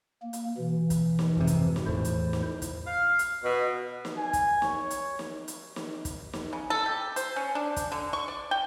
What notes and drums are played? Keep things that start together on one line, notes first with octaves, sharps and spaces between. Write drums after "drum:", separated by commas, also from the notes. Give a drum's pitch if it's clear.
A#3
drum: hi-hat
B2 E3
drum: kick, hi-hat
drum: snare
F2 G#2 C3
drum: hi-hat
drum: snare
E2 A2 E4 C5
drum: hi-hat
drum: snare
drum: kick, hi-hat
F5
drum: hi-hat
B2
drum: snare
G#5
drum: kick, hi-hat
C#5, drum: snare
drum: hi-hat
drum: snare
drum: hi-hat
drum: snare
drum: kick, hi-hat
drum: snare
C#3
A4
G4
C5, drum: hi-hat
C#4
D4
drum: kick, hi-hat
D3
C#6
D5
G5